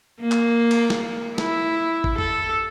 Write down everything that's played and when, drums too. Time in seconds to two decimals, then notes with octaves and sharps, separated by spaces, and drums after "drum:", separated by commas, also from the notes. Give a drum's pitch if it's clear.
0.21 A#3
0.32 drum: clap
0.71 drum: cymbal
0.90 drum: snare
1.38 E4, drum: snare
2.04 drum: kick A1
2.18 A4, drum: tom F2